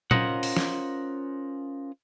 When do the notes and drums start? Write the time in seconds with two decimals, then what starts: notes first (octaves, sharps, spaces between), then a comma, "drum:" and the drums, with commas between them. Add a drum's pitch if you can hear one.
0.11 C#4 F4 A#4 C5 D#5 F#5, drum: tom A#2
0.43 drum: open hi-hat
0.57 drum: snare